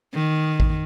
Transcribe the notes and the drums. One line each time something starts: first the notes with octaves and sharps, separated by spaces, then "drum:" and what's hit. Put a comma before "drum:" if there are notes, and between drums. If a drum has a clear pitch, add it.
D#3
drum: kick A1